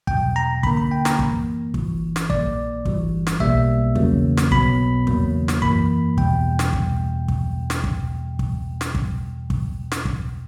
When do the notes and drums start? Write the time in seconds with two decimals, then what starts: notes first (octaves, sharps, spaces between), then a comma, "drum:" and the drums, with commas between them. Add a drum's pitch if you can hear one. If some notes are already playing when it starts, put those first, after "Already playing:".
0.07 E2 B2 F#3 G5, drum: kick
0.36 A#5
0.63 D2 D3 A#3 B5, drum: kick
0.77 B5
0.91 G5
1.05 A#5, drum: snare
1.19 F#2 E3 A#3, drum: kick
1.74 G1 G2 E3, drum: kick
2.16 drum: snare
2.30 A#1 A#2 A#3 D5, drum: kick
2.85 G1 G2 E3 G3, drum: kick
3.27 drum: snare
3.40 B1 B2 G3 A#3 E5, drum: kick
3.95 E2 C#3 F#3 A#3, drum: kick
4.37 drum: snare
4.51 B1 B2 F#3 B3 B5, drum: kick
5.07 E2 C#3 F#3 A#3, drum: kick
5.48 drum: snare
5.62 F#2 E3 A#3 B5, drum: kick
6.17 E2 B2 G3 G5, drum: kick
6.59 drum: snare
6.73 drum: kick
7.28 drum: kick
7.70 drum: snare
7.84 drum: kick
8.39 drum: kick
8.81 drum: snare
8.95 drum: kick
9.50 drum: kick
9.92 drum: snare
10.05 drum: kick